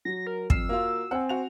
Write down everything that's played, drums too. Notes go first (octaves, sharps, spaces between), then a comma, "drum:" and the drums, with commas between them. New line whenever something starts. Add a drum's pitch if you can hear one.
F#3 A#6
A#4
F2 E6 F6 C7, drum: kick
A#3 F4 F#4
C4 F#5 G#5
F#4 F7